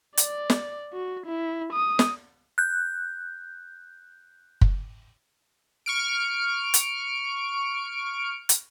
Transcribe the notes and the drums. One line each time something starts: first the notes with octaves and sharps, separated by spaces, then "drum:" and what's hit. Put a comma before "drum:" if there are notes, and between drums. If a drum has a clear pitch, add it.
D5, drum: hi-hat
drum: snare
F#4
E4
D#6
drum: snare
F#6 G6
drum: kick
C#6 F6 D7
drum: hi-hat
drum: hi-hat